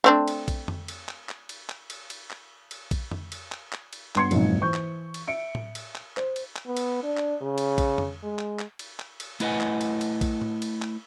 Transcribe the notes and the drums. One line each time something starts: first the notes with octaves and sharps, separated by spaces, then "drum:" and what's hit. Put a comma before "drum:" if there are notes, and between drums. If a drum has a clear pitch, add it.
A3 C4 D4
drum: cymbal
drum: kick A#1, cymbal
drum: tom F2
drum: cymbal
drum: clap
drum: clap
drum: cymbal
drum: clap
drum: cymbal
drum: cymbal
drum: clap
drum: cymbal
drum: kick A#1, cymbal
drum: tom F2
drum: cymbal
drum: clap
drum: clap
drum: cymbal
G1 B3 C6 G#6 C#7, drum: clap
F#1 B1 F2 G#2, drum: cymbal
E3 C5 C#6 G6
drum: clap
drum: cymbal
E5 C#7 D7
drum: tom A2
drum: cymbal
drum: clap
C5, drum: clap
drum: cymbal
drum: clap
B3
drum: cymbal
D4
drum: clap
C#3
drum: cymbal
drum: kick A#1, cymbal
drum: tom F2
G#3
drum: clap
drum: clap
drum: cymbal
drum: clap
drum: cymbal
A3 E4 B4 D#5 F#5 G#5, drum: cymbal
drum: clap
drum: cymbal
drum: cymbal
drum: kick A#1, cymbal
drum: tom A2
drum: cymbal
drum: clap